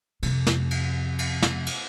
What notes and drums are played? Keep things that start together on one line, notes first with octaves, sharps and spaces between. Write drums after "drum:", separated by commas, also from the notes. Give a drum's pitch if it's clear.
F2 C3, drum: cymbal
drum: snare
drum: cymbal
drum: cymbal
drum: snare
drum: cymbal